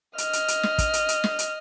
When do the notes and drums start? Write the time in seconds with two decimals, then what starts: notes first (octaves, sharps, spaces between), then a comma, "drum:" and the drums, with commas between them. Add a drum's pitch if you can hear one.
0.18 D#5 F6, drum: hi-hat
0.33 drum: hi-hat
0.48 drum: hi-hat
0.63 drum: snare
0.78 drum: kick, hi-hat
0.93 drum: hi-hat
1.09 drum: hi-hat
1.24 drum: snare
1.39 drum: hi-hat